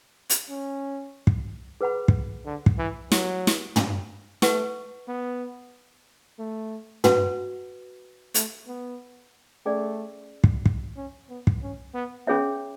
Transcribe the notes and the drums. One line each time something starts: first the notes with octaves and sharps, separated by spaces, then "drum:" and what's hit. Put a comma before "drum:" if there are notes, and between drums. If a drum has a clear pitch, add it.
drum: hi-hat
C#4
drum: kick
G#4 B4 F#5 B5
drum: kick
D3
drum: kick
E3
F#3, drum: snare
drum: snare
drum: tom
A3 B4 F#5 C#6, drum: snare
B3
A3
F#4 B4 F#5, drum: tom
A3, drum: hi-hat
B3
A3 C#4 G#4 D5
drum: kick
drum: kick
C#4
B3
drum: kick
C#4
B3
B3 C#4 G#4 C#5 E5